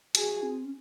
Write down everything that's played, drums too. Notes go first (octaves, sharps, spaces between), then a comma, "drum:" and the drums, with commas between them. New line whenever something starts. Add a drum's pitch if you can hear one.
F#4 G#4, drum: hi-hat
C4
C#4